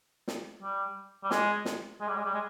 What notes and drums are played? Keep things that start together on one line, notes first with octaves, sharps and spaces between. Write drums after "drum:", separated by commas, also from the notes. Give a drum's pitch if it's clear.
drum: snare
G3
G3
G#3, drum: snare
drum: snare
G#3
G3
G#3
G3
G#3